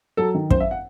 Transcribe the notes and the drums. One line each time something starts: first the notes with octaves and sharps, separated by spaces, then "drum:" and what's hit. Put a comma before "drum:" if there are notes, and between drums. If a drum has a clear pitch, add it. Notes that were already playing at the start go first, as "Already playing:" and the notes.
F#3 A4
D#3
F#2 C5, drum: kick
E5
F#5